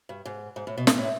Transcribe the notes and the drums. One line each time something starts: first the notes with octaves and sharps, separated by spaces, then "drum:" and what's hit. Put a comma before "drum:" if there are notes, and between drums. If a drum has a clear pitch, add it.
G2
G#2
G#2
A2
B2
A#2, drum: snare
A2